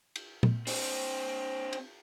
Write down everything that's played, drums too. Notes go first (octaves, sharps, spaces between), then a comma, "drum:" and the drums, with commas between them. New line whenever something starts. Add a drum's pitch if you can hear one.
drum: cymbal
drum: tom A#2
C4 D4, drum: open hi-hat
drum: cymbal